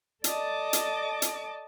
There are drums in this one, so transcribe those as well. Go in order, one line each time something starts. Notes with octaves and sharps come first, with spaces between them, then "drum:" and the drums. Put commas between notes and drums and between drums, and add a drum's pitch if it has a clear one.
A4 D5 D#5 A5 D6, drum: hi-hat
drum: hi-hat
drum: hi-hat